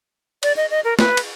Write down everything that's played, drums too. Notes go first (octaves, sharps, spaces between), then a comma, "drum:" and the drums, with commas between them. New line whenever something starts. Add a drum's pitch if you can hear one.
D5, drum: cymbal
D#5
D#5
A#4
B4, drum: snare
drum: cymbal